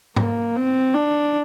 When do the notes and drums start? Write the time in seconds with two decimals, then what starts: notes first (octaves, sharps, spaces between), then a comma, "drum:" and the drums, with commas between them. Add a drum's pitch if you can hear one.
0.16 A#3, drum: tom
0.56 C4
0.95 D4